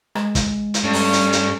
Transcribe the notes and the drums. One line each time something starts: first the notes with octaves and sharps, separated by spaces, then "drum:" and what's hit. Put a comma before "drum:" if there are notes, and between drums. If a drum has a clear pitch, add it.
G#3, drum: rim click
drum: kick, hi-hat
drum: hi-hat
G2 A3 C#4
drum: open hi-hat
drum: hi-hat
drum: hi-hat